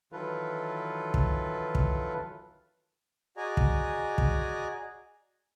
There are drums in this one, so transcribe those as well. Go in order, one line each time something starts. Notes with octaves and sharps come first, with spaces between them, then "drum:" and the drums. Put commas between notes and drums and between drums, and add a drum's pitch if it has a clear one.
D#3 E3 F#3 F4 A4 B4
drum: kick
drum: kick
F#4 G#4 D5 D#5 G#5 A#5
drum: kick
drum: kick